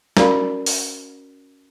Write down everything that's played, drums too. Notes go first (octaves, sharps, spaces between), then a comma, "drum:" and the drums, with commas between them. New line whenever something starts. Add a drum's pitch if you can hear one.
C#4 F#4 A#4 D5 F5 B5, drum: snare
drum: open hi-hat